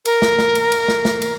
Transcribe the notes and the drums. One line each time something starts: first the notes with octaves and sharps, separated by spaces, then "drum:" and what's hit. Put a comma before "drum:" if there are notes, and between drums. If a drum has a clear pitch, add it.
A#4, drum: cymbal
drum: snare
drum: snare
drum: cymbal
drum: cymbal
drum: snare
drum: snare
drum: cymbal